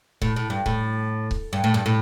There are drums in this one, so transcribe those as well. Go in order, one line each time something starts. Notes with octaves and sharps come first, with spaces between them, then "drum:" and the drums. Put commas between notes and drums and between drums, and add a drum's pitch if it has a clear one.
A2, drum: kick C#1
A2
G2
A2, drum: kick C#1
drum: kick C#1
G2
A2
G2
A2